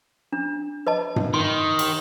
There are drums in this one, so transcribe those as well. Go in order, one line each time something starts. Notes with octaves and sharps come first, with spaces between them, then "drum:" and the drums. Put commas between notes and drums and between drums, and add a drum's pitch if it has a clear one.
D4
B4 D#5 A5
drum: tom G2
D#3 C6
drum: cymbal